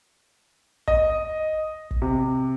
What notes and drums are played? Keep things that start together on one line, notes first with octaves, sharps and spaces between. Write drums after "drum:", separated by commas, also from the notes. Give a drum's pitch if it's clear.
D#5, drum: kick
drum: kick
C3